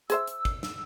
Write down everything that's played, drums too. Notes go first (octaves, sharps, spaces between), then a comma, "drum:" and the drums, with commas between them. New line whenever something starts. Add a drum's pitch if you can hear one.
G#4 C5 E5 E6, drum: hi-hat
drum: hi-hat
drum: kick
drum: snare